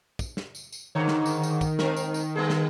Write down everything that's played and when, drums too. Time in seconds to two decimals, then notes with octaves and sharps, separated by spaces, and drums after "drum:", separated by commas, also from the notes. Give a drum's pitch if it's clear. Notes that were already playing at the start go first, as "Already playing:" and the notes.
0.19 drum: kick, tambourine
0.37 drum: snare
0.55 drum: tambourine
0.72 drum: tambourine
0.95 G#2 D3 D#3 C#5
1.08 drum: snare
1.26 drum: tambourine
1.43 drum: tambourine
1.61 drum: kick, tambourine
1.79 G#3 C4 A#4, drum: snare
1.97 drum: tambourine
2.14 drum: tambourine
2.36 G3 B3 G#4
2.50 drum: snare